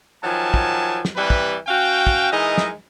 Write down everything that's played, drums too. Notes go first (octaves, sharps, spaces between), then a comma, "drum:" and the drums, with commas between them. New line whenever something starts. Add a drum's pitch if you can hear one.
D#3 F3 F#3 G#5 A5
drum: kick
drum: snare
C3 E3 G3 B4
drum: kick
C#4 F#4 F5 G5
drum: kick
E3 G#3 D#4 A#4 D#5
drum: snare